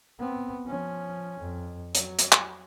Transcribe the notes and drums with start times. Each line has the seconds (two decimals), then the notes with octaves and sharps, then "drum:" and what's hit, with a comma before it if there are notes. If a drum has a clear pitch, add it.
0.19 B3 C4
0.66 F3 C#4
1.40 F2
1.95 F#3, drum: hi-hat
2.19 drum: hi-hat
2.32 drum: clap